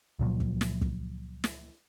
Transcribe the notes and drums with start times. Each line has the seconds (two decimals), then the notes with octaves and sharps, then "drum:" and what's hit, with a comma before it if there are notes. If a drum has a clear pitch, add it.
0.19 C#2 A#2 F3 F#3
0.40 drum: kick
0.61 drum: snare
0.82 drum: kick
1.44 drum: snare